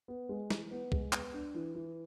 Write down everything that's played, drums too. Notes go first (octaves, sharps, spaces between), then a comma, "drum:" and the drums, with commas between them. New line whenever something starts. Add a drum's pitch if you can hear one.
B3
G#3
E3, drum: snare
B3
G#3, drum: kick
B3, drum: clap
D4
E3
E3